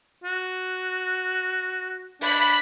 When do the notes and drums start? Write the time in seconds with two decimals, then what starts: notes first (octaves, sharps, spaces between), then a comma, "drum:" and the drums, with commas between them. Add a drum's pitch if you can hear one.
0.24 F#4
2.21 D4 B5, drum: open hi-hat